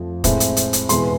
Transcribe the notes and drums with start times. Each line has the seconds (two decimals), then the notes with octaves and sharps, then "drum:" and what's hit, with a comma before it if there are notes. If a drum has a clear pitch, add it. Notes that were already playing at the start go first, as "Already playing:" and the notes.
Already playing: F2 F3 A3
0.24 A2 G#3 C4, drum: kick, hi-hat
0.40 drum: hi-hat
0.57 drum: hi-hat
0.73 drum: hi-hat
0.89 E2 B2 G#3 C6, drum: hi-hat